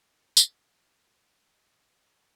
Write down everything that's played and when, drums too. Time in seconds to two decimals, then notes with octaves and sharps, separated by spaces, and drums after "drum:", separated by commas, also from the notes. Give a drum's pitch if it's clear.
0.25 C#5
0.37 drum: tambourine
0.57 F#5
0.89 C#5
1.22 D#5
1.54 D#5
1.87 D#5